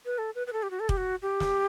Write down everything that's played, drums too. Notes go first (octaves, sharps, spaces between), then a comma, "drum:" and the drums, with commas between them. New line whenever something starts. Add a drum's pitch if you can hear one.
B4
A4
B4
B4
A4
G4
F#4
A4
G4, drum: kick
F#4
G4
drum: snare